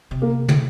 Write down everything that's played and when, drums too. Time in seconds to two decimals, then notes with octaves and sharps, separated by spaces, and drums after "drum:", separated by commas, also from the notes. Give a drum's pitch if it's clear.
0.11 C3
0.22 A#3
0.48 drum: tom